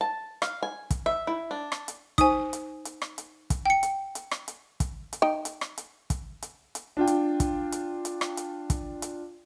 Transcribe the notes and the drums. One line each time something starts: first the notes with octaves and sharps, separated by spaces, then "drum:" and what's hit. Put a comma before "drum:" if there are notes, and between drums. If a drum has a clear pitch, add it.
A5
F5, drum: rim click
G#5
drum: kick, hi-hat
E5
E4
D4
drum: rim click
drum: hi-hat
D#4 C5 G#5 D#6, drum: kick, hi-hat
drum: hi-hat
drum: hi-hat
drum: rim click
drum: hi-hat
drum: kick, hi-hat
G5 C#7
drum: hi-hat
drum: hi-hat
drum: rim click
drum: hi-hat
drum: kick, hi-hat
drum: hi-hat
D#4 G5
drum: hi-hat
drum: rim click
drum: hi-hat
drum: kick, hi-hat
drum: hi-hat
drum: hi-hat
D4 F4 G5
drum: hi-hat
drum: kick, hi-hat
drum: hi-hat
drum: hi-hat
drum: rim click
drum: hi-hat
drum: kick, hi-hat
drum: hi-hat